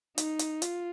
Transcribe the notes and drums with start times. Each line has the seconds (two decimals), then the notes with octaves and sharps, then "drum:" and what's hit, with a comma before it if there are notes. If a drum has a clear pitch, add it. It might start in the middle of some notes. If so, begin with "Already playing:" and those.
0.18 D#4, drum: hi-hat
0.39 drum: hi-hat
0.62 F4, drum: hi-hat